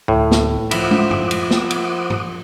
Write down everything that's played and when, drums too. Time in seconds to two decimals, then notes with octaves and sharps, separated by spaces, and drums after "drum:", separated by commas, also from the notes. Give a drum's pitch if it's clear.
0.08 D2 A2
0.31 drum: snare
0.71 F3 E4 F#5 D6 D#6, drum: cymbal
0.91 drum: tom
1.11 drum: tom
1.31 drum: cymbal
1.51 drum: snare
1.70 drum: cymbal
2.10 drum: tom G#2